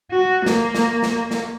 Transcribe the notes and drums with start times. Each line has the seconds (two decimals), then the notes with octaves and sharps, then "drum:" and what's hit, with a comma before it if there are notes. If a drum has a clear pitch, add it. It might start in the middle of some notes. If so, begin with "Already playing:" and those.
0.11 F#4
0.46 A#3, drum: snare
0.75 drum: snare
1.03 drum: snare
1.31 drum: snare